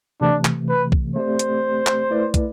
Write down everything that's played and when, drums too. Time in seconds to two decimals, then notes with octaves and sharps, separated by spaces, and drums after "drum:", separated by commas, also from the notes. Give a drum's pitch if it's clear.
0.21 C3 E3 A3 D4
0.45 drum: clap
0.69 B4
0.92 drum: kick
1.15 A3 C4 G4 C5 D5
1.39 drum: hi-hat
1.87 drum: clap
2.10 A3 E4 B4 D5
2.34 drum: kick, hi-hat